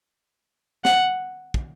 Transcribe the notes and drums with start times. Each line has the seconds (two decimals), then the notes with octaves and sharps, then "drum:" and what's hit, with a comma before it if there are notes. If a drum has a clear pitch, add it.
0.85 F#5, drum: snare
1.54 drum: kick